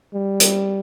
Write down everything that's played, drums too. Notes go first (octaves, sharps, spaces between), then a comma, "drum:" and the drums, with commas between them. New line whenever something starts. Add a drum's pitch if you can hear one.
G3
drum: hi-hat